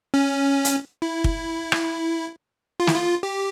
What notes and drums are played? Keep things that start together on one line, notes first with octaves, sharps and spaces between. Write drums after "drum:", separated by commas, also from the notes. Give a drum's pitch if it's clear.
C#4
drum: hi-hat
E4
drum: kick
drum: rim click
F4
E4, drum: snare
F4
G4